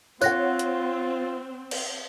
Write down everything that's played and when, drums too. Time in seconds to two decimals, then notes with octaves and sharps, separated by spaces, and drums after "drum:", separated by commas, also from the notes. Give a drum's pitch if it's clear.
0.21 C4 F4 C#5 F#5 F#6 A#6, drum: tambourine
0.59 drum: hi-hat
1.71 drum: cymbal